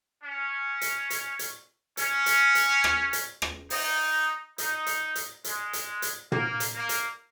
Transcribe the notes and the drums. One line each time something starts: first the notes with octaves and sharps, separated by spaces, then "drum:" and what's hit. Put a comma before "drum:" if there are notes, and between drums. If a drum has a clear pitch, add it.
C#4
drum: hi-hat
drum: hi-hat
drum: hi-hat
C#4, drum: hi-hat
drum: hi-hat
drum: hi-hat
drum: rim click
drum: hi-hat
drum: rim click
D#4, drum: open hi-hat
D#4, drum: hi-hat
drum: hi-hat
drum: hi-hat
G#3, drum: hi-hat
drum: hi-hat
drum: hi-hat
A#3, drum: tom
drum: hi-hat
A#3
drum: hi-hat